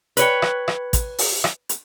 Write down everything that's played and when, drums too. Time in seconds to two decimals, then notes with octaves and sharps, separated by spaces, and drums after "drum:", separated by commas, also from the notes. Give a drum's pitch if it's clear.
0.17 B4 C#5 G5, drum: hi-hat
0.42 drum: rim click
0.68 drum: rim click
0.93 drum: kick A1, hi-hat
1.18 drum: open hi-hat
1.44 drum: rim click
1.69 drum: hi-hat